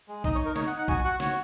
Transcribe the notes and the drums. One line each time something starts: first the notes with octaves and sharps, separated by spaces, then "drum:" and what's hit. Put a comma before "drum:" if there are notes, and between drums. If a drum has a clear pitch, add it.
G#3
D#4 D#5, drum: kick
C#5
D#4 A#4
D#4 C#5, drum: snare
F#5
D#4
F#5
F#4 G#5, drum: kick
F#4 F#5
F#4 C#5, drum: snare